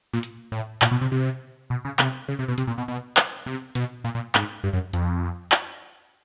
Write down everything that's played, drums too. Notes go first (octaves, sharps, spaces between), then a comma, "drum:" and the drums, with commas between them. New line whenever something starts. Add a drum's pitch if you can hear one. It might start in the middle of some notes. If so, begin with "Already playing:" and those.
A#2
drum: hi-hat
A2
A#2, drum: clap
B2
C3
C3
B2
C#3
C3, drum: clap
C#3
C3
B2
C3, drum: hi-hat
A#2
B2
B2
drum: clap
C3
B2, drum: hi-hat
A#2
A#2
G#2, drum: clap
G2
F#2
F2, drum: hi-hat
drum: clap